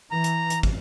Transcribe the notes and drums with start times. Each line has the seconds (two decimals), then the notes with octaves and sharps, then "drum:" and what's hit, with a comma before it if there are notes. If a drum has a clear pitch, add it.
0.11 E3 A#5
0.24 drum: hi-hat
0.50 drum: hi-hat
0.63 drum: kick